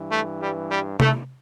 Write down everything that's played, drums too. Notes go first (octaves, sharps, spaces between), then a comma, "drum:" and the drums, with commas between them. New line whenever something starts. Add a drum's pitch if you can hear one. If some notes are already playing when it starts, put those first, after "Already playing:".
Already playing: G2 E3
A3
G3
G3
A3, drum: tom C3